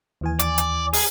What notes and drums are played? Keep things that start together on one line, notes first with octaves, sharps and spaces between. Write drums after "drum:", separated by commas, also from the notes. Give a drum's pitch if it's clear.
D#2 E3 G#5
D5, drum: hi-hat
drum: hi-hat
G#4, drum: open hi-hat